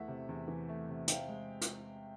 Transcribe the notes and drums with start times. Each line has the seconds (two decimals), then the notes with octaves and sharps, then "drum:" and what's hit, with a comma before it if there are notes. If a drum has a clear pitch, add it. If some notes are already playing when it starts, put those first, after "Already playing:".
Already playing: E2 E3 A3 E5 F#5
0.08 C3
0.29 E2
0.48 E3
0.69 A3
0.89 C3
1.08 C3 F5 G5, drum: hi-hat
1.28 G#3
1.61 drum: hi-hat